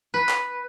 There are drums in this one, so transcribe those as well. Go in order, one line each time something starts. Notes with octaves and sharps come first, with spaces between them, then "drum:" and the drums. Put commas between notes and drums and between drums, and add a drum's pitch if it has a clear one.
B4
drum: clap